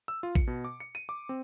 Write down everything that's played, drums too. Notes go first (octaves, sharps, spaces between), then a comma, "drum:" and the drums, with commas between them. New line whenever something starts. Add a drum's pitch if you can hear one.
E6
F4
C#7, drum: kick A1
B2
D6
C#7
D#7
D6
C4